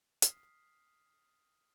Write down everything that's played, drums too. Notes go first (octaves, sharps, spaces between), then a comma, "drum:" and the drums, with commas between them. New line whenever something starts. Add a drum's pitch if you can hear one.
D#6 F6 B6 C7, drum: hi-hat